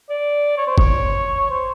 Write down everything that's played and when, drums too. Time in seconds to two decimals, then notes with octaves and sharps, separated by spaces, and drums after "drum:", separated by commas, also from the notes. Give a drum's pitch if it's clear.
0.10 D5
0.57 C#5
0.67 C5
0.78 C#5, drum: kick
1.50 C5